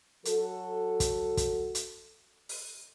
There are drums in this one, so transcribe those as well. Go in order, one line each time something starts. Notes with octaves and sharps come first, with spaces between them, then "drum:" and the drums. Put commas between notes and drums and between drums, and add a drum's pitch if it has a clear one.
F#3 F#4 A4, drum: hi-hat
drum: kick, hi-hat
drum: kick, hi-hat
drum: hi-hat
drum: open hi-hat